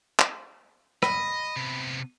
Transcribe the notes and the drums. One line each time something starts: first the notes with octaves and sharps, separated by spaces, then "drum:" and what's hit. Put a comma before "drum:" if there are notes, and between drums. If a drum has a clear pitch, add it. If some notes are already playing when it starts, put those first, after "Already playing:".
drum: clap
D#5 B5, drum: rim click
C3 B3